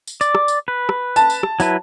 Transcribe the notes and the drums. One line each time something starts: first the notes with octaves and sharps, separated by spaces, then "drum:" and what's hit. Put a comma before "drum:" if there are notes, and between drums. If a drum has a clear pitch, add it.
drum: tambourine
D5, drum: tambourine
drum: rim click
drum: tambourine
B4
drum: rim click
A5, drum: tambourine
drum: tambourine
drum: rim click
F#3 E4 B4, drum: tambourine